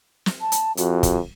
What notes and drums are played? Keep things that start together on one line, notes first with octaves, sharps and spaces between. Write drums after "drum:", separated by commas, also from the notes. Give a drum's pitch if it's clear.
drum: snare
A5
drum: hi-hat
F2 F#4, drum: hi-hat
drum: kick, hi-hat